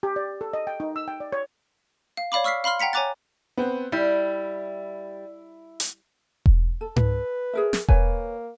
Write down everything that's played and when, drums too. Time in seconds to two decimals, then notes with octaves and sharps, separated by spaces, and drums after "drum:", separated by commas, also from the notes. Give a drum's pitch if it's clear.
0.03 G4
0.16 D5
0.41 A4
0.53 D#5
0.67 G5
0.80 D#4
0.96 E6
1.08 G5
1.20 D5
1.33 C#5
2.17 F5
2.32 C#5 D5 F5 B5 D6
2.44 C#6 E6 F6 B6 C7
2.64 F5 B5 C6 F6
2.80 F#5 G5 A#5 B6 C#7
2.93 C#5 G#5 A#5 D6 F#6 A6
3.57 B3 C4
3.92 G3 E4
5.80 drum: hi-hat
6.46 drum: kick E1
6.81 A4
6.96 B4, drum: tom G#2
7.54 G#4 A#4 E5
7.73 drum: snare
7.88 A#3 B4 C#5 G#5, drum: kick E1